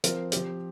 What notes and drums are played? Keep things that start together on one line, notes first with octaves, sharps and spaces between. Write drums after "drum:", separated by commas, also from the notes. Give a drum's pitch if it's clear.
F3 C4 F4 A#4, drum: hi-hat
F3 C4 G4, drum: hi-hat